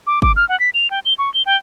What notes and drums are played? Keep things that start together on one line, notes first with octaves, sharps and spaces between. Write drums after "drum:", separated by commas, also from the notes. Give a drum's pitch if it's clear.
D6
D6, drum: kick
F6
F#5
B6
F7
G5
G7
C#6
G7
G5